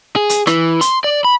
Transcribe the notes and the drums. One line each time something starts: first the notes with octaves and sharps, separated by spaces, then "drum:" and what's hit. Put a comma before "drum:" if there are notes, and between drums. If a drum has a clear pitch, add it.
G#4
drum: hi-hat
E3, drum: rim click
C6, drum: hi-hat
D5
B5